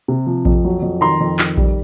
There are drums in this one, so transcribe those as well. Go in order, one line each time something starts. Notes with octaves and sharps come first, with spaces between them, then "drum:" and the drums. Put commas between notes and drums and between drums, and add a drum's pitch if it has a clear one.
C3
F3
F2, drum: kick A#1
F#3
F2
D#3 A#5 C6
F2
D#3, drum: clap
G3, drum: kick A#1